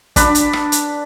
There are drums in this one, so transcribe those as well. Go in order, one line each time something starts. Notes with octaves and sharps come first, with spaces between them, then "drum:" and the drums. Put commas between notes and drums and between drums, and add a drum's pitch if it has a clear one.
D4 B4, drum: kick, hi-hat
drum: hi-hat
drum: rim click
drum: hi-hat